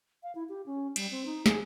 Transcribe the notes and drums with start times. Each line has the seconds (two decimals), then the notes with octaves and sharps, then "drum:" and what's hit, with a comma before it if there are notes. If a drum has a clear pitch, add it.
0.23 F5
0.35 E4
0.49 G4
0.66 C#4
0.96 G3, drum: cymbal
1.11 C4
1.26 D#4
1.46 G#4, drum: snare